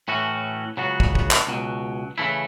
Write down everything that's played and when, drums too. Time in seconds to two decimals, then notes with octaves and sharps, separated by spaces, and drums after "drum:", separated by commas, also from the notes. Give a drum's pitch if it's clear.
0.08 A2 E3 A3 C#4 F#4
0.77 C#2 C#3 F#3 B3 F#4
1.00 drum: kick
1.15 drum: kick
1.31 drum: clap
1.47 C#2 B2 F#3
2.18 C#3 E3 A3 E4